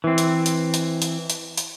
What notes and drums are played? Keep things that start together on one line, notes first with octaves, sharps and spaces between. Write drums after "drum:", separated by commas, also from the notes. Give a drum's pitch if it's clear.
E3 C4
drum: hi-hat
drum: hi-hat
drum: hi-hat
drum: hi-hat
drum: hi-hat
drum: hi-hat